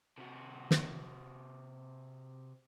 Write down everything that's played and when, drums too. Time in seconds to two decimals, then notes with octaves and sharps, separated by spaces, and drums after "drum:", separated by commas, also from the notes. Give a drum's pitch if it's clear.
0.18 C3 F#4
0.71 drum: snare